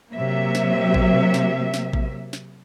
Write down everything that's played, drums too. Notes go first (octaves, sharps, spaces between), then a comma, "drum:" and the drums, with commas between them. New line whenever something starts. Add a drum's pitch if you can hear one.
C3 F#3 A#3 E5
drum: snare
drum: kick A1
drum: snare
drum: snare
drum: kick A1
drum: snare